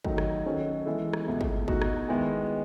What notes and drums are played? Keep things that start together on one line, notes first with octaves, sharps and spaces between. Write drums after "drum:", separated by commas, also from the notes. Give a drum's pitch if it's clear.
D#3 F#3 A3 D#4, drum: kick
drum: rim click
D#3 F#3 C#4 F#4 A4
E3 G#3 B3 E4 A4
drum: rim click
C#2 B2 A3 E4
drum: kick
B2 A3 D#4 F#4, drum: kick
drum: rim click
D#3 G#3 B3 E4 G#4